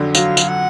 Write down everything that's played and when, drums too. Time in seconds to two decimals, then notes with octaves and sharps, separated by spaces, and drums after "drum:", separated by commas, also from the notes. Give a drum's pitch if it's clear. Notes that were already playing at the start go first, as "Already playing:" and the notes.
Already playing: F2 D3 F#3
0.15 F#3 F5, drum: tambourine
0.37 F#3, drum: tambourine
0.49 F#5